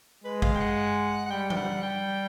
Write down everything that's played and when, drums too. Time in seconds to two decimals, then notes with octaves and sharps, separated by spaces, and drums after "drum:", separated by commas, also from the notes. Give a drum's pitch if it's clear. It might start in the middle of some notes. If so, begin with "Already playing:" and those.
0.24 G#3 B4
0.42 F5, drum: kick
0.55 G5
0.60 F#5
1.26 F#5
1.30 G3 G5
1.50 G5, drum: tom E3
1.57 F#5
1.83 G5